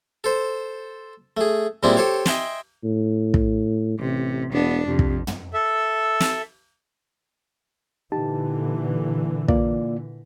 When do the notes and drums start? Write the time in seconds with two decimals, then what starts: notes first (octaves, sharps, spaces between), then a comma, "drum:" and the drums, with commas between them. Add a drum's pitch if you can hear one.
0.24 A4 C5
1.37 A3 G#4
1.83 A#2 G3 G#3 C4 D4 E4
1.97 G4 A4 C5 C#5
2.26 D#5 E5 G5 G#5 C6, drum: snare
2.84 A2
3.34 drum: kick
3.99 A1 C3
4.53 E1 B3 D4
4.87 F2 C3
4.99 drum: kick
5.27 drum: tom
5.53 A4 E5
6.20 drum: snare
8.12 A#2 D3 E3 D#4 G4 A5
9.48 A#3 F4 D5, drum: kick